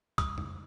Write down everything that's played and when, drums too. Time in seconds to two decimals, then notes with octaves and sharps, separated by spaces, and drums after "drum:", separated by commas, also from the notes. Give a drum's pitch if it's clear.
0.18 D#6, drum: kick, hi-hat
0.38 drum: tom F2